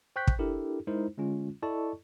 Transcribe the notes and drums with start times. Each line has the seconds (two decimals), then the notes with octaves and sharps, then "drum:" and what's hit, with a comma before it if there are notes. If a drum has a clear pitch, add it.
0.16 C5 G5 C#6 F#6 G6 B6
0.27 drum: kick
0.39 D4 E4 G4 A4 A#4
0.87 G#3 D#4 E4 A#4 C5
1.18 D3 G#3 C#4 F4
1.62 E4 A4 D5 D#5 A5 C#6